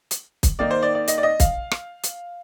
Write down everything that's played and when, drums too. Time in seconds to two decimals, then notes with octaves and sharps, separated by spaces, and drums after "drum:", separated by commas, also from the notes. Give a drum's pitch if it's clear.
0.11 drum: hi-hat
0.43 drum: kick, hi-hat
0.59 D#3 A#3 D#4 D5
0.71 C5
0.83 D5
0.95 D5
1.08 D#5, drum: hi-hat
1.18 D5
1.23 D#5
1.40 F5, drum: kick, hi-hat
1.71 drum: rim click
2.04 drum: hi-hat